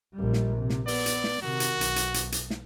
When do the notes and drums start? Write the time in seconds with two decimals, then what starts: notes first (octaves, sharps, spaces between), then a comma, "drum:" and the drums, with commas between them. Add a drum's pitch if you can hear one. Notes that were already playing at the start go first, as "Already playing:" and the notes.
0.15 A#1 G3
0.33 drum: snare
0.58 C3
0.70 drum: snare
0.88 B3 D5, drum: open hi-hat
1.06 drum: hi-hat
1.24 drum: snare
1.42 C3 D#3 F#4
1.60 drum: hi-hat
1.81 B1, drum: hi-hat
1.96 drum: hi-hat
2.14 drum: hi-hat
2.32 drum: hi-hat
2.50 drum: snare